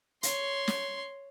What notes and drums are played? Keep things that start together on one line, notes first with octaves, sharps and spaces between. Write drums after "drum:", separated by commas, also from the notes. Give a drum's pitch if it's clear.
C#5 C6, drum: hi-hat
drum: snare